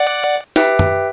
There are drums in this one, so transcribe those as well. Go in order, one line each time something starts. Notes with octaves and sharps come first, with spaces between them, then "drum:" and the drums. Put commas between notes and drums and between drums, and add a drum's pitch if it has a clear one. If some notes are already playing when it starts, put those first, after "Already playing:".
Already playing: D5 F#5
G4 B4 E5 G5, drum: snare
drum: tom